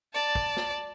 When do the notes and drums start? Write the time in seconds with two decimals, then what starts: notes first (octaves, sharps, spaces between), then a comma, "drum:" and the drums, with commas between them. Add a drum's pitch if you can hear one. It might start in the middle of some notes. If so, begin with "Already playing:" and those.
0.14 D5 A5
0.35 drum: kick
0.57 drum: snare